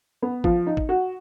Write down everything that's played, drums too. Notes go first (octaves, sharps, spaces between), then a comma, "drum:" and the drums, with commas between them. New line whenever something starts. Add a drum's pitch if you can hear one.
B3
F3, drum: kick
D#4
drum: kick
F#4